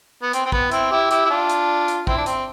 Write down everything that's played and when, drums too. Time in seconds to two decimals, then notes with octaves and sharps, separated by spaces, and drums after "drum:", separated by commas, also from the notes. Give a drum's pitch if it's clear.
0.22 B3
0.33 C4, drum: hi-hat
0.46 C4
0.52 B3, drum: kick
0.72 C4 E4, drum: hi-hat
0.91 E4 G4
1.11 E4 G4, drum: hi-hat
1.25 E4
1.30 D4 F4
1.49 drum: hi-hat
1.88 drum: hi-hat
2.07 C4 E4, drum: kick
2.17 D4
2.26 C4, drum: hi-hat